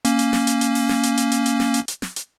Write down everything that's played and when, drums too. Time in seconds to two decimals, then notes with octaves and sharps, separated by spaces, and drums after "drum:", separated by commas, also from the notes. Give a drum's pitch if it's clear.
0.05 A#3 C#4, drum: hi-hat
0.19 drum: hi-hat
0.33 drum: snare
0.47 drum: hi-hat
0.61 drum: hi-hat
0.75 drum: open hi-hat
0.89 drum: snare
1.03 drum: hi-hat
1.17 drum: hi-hat
1.32 drum: hi-hat
1.46 drum: hi-hat
1.60 drum: snare
1.74 drum: hi-hat
1.88 drum: hi-hat
2.02 drum: snare
2.16 drum: hi-hat